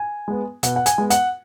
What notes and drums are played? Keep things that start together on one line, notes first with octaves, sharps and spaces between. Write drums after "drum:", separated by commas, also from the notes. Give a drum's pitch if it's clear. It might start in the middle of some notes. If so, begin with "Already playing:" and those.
Already playing: G#5
G#3 B3
B2 F#5, drum: hi-hat
F#5
G#5, drum: hi-hat
G#3 B3
F#5, drum: hi-hat